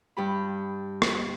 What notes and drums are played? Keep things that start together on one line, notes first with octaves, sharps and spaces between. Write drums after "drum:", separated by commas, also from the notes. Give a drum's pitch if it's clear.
G2 G4 B5
drum: rim click